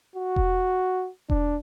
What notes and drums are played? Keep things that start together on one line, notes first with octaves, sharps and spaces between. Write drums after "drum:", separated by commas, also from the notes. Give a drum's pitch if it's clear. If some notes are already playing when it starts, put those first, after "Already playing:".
F#4
drum: kick E1
D4, drum: kick E1